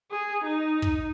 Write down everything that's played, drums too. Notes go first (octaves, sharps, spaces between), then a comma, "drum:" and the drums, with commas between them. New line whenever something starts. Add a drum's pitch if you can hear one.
G#4
D#4
drum: kick